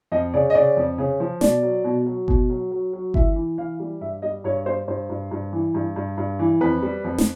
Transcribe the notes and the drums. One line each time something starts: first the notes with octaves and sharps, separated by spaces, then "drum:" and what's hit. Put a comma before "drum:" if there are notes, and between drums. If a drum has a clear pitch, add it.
F2 D#5
C#3 D5
D#5
C#3 D5
F2
C#3
F3
B2 D5, drum: snare
F#3
B2
F#3
B2, drum: kick G1
F#3
F#3
F#3
E3 E5, drum: kick G1
E3
E3 F5
G3
G2 E5
G3 D#5
G2 C#5
G3 C5
G2 C5
G2
G2
E3
G2
G2
G2
E3
F2 B4
G3
F2
drum: snare